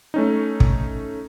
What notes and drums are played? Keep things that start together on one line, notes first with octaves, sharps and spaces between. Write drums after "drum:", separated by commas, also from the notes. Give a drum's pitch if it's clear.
A3 C#4 D#4
drum: kick